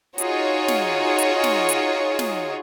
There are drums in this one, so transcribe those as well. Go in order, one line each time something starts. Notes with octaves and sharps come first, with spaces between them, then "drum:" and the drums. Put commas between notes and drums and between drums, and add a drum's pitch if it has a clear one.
D#4 F4 F#4 G#4 C#5, drum: hi-hat
drum: snare
drum: hi-hat
drum: snare
drum: hi-hat
drum: snare